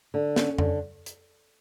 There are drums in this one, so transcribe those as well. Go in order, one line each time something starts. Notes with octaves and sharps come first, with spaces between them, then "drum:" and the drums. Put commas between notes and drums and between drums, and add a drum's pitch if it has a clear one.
D3
C#4, drum: snare
D3, drum: tom F2
drum: hi-hat